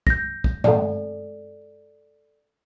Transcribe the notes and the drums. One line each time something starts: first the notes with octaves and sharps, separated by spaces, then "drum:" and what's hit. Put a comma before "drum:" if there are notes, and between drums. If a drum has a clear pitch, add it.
G6 A#6, drum: kick
drum: kick
A4 D5, drum: tom